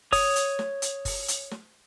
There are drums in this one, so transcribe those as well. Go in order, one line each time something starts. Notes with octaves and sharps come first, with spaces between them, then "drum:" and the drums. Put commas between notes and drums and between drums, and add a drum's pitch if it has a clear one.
C#5 D#6, drum: kick, open hi-hat
drum: hi-hat
drum: snare
drum: hi-hat
drum: kick, open hi-hat
drum: hi-hat
drum: snare